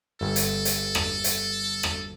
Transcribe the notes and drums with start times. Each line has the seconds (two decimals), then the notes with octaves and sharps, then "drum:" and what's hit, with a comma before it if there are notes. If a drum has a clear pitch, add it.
0.21 G1 A4
0.36 drum: hi-hat
0.65 drum: hi-hat
0.95 drum: rim click
1.24 drum: hi-hat
1.83 drum: rim click